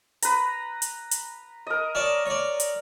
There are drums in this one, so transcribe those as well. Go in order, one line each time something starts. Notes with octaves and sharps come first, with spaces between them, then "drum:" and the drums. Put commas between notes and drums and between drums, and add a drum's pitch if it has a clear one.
B4 A#5, drum: hi-hat
drum: hi-hat
drum: hi-hat
A#4 D#5
C#5 D5 A5
C#5 D5
drum: hi-hat